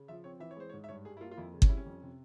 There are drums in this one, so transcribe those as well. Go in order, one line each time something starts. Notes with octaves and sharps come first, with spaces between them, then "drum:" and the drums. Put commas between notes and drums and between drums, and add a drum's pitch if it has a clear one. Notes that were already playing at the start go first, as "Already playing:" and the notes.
Already playing: C#3
F3 E5
C4 C#5
E3 E5
C#5
G#3 C5
C#5
G#2
E5
G2 C#5
G3 G#4
E4
A#3 F4
F4
F2 E4
C#3
C#4, drum: kick G1
G3 E4
C#4
F2
C3